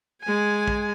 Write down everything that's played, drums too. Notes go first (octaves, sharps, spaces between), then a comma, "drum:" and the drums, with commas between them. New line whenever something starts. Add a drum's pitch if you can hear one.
G#3 G#5
drum: kick